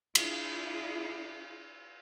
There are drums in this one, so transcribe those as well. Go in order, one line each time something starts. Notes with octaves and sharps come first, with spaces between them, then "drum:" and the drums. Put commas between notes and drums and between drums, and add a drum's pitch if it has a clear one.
D4 E4 F4 G#4, drum: cymbal